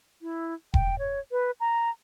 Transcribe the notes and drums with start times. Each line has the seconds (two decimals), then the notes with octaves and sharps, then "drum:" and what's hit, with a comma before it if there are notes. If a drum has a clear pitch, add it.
0.22 E4
0.74 G5, drum: kick E1
0.99 C#5
1.32 B4
1.60 A#5